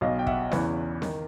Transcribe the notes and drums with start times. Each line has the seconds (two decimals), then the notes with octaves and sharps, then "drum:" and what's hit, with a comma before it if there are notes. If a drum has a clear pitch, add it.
0.01 B1 B2 D#5 F5
0.19 G5
0.27 E5 F#5, drum: kick
0.51 E2 C#3 E3 B4 C#5, drum: snare C4
1.02 D#3, drum: snare C4